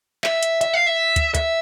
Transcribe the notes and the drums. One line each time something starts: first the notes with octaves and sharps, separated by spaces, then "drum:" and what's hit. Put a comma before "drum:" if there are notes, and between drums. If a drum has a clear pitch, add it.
E5, drum: clap
drum: hi-hat
E5, drum: hi-hat
F5
E5
drum: kick, hi-hat
E5, drum: kick, hi-hat